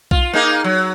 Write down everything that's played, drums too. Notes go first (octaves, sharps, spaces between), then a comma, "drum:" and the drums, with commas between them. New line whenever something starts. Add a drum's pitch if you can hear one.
F4, drum: kick B1
A#3 D#4 G#4
F#3